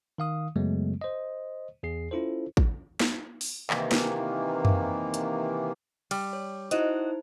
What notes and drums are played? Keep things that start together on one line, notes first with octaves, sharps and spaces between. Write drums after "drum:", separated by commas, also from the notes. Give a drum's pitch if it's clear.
D#3 F5 D#6
F#2 C#3 F#3 G#3 A3 B3
C5 D#5
E2 G#4 C7
C#4 E4 F4 A4 C5
drum: kick
drum: snare
drum: open hi-hat
C3 D#3 E3 A#3, drum: clap
drum: snare
drum: tom F#2
drum: hi-hat
G3, drum: cymbal
C#5
D#4 E4 F#4 C5 D#5, drum: hi-hat